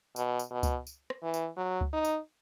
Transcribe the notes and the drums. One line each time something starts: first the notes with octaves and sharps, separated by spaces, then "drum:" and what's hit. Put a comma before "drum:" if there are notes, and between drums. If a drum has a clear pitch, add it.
B2, drum: tambourine
drum: tambourine
B2
drum: kick C#2, tambourine
drum: tambourine
drum: rim click
E3
drum: tambourine
F#3
drum: kick C#2
D#4
drum: tambourine